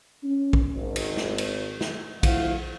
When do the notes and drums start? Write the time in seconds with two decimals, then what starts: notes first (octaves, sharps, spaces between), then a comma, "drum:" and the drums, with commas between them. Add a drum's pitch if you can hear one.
0.24 C#4
0.53 drum: kick A#1
0.76 G#1
0.96 drum: cymbal
1.17 drum: snare
1.38 drum: cymbal
1.81 drum: snare
2.23 D2 F3 E4 F5 F#5, drum: kick A#1, cymbal